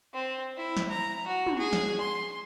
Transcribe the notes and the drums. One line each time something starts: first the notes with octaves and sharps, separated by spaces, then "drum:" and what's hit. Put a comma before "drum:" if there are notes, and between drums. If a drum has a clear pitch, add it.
C4
E4
drum: snare
A#5
F#4
drum: tom
G#4
drum: snare
C6